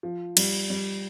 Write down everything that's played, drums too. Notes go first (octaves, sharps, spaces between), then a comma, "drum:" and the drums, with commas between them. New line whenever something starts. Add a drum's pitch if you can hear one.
F3
G3, drum: cymbal
G3